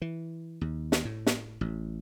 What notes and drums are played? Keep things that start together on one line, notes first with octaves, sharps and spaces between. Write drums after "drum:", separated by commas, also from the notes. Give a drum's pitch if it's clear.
E3
D#2
drum: snare
A2
drum: snare
A1